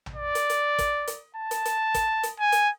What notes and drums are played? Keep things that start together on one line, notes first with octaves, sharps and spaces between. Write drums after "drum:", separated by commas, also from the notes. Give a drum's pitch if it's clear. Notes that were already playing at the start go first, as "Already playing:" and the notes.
drum: tom A#1
D5
drum: hi-hat
drum: hi-hat
drum: kick, hi-hat
drum: hi-hat
A5
drum: hi-hat
drum: hi-hat
drum: kick, hi-hat
drum: hi-hat
G#5
drum: hi-hat